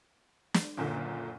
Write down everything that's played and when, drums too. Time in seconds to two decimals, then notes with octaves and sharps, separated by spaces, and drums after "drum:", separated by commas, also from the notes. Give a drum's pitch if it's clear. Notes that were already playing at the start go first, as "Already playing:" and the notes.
0.54 drum: snare
0.77 F#1 A#2 D3